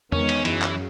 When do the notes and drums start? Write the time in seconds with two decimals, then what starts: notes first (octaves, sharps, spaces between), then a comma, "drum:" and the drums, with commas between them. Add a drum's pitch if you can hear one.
0.12 E2 D#3 G#3 B3 C#4 D#4, drum: tom E2
0.29 drum: cymbal
0.45 F#2 C#3 E3 F#3, drum: cymbal
0.62 drum: clap